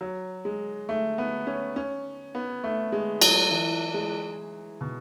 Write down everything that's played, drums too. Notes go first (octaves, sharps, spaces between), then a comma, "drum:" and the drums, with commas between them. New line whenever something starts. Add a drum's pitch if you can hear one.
F#3
G#3
A3
B3
C#4
C#4
B3
A3
G#3
F#3, drum: cymbal
E3
G#3
B2